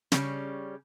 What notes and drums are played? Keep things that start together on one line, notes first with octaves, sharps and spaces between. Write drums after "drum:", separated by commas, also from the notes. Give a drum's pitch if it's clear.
C#3 G3 C#4, drum: snare